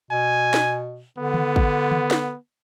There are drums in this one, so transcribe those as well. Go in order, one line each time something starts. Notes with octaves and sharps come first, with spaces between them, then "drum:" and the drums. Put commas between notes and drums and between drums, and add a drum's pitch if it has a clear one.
B2 G#5
drum: snare
D3 B3
drum: tom D#3
drum: kick
drum: tom D#3
drum: snare